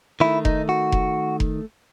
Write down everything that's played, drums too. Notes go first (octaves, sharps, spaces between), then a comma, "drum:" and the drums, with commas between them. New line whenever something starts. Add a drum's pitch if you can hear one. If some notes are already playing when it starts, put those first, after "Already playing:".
D#3 A3 E4
D#4, drum: kick F1
F#4
drum: kick F1
drum: kick F1